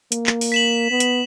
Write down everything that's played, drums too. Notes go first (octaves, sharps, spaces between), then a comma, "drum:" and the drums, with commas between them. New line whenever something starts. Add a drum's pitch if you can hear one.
A#3, drum: hi-hat
drum: clap
drum: open hi-hat
B6 E7 F#7
B3
drum: hi-hat